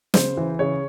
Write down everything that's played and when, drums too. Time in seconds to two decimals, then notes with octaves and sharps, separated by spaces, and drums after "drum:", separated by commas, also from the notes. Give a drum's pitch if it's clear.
0.14 C#3 C5, drum: snare
0.37 E3
0.59 C#3 C#5